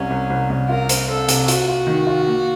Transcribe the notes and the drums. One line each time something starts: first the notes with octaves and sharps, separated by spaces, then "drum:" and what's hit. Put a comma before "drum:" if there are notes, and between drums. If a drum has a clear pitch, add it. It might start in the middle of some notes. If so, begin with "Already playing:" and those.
Already playing: C2 C3 C#4
C2
C2
C2
F4 A#4
C4, drum: hi-hat
C4 A4
C3, drum: hi-hat
F4 F#4, drum: hi-hat
F4
D#3
F4
A#3